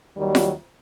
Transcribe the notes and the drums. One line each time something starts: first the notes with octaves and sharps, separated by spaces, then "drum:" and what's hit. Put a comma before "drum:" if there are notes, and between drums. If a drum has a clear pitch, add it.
D#2 D#3 F#3 G3
drum: snare F4